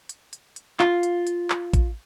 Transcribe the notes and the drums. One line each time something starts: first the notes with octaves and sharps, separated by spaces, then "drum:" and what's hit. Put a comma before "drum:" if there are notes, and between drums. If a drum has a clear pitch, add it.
drum: hi-hat
drum: hi-hat
drum: hi-hat
F4, drum: clap
drum: hi-hat
drum: hi-hat
drum: clap
drum: kick, hi-hat